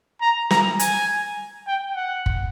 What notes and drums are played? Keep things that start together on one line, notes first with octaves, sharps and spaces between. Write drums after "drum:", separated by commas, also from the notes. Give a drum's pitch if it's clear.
A#5
A#5, drum: snare
G#5, drum: hi-hat
G5
F#5
drum: kick